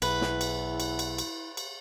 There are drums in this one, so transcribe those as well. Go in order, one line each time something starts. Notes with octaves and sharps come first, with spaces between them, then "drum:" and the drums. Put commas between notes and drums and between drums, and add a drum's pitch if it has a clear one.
B1 E2 E4 B4, drum: cymbal
drum: snare
drum: cymbal
drum: cymbal
drum: cymbal
drum: cymbal
drum: cymbal